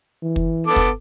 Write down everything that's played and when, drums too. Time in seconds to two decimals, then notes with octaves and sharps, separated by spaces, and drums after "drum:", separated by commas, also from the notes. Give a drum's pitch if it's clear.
0.23 E3
0.36 drum: kick
0.67 B3 A4 D6
0.76 drum: kick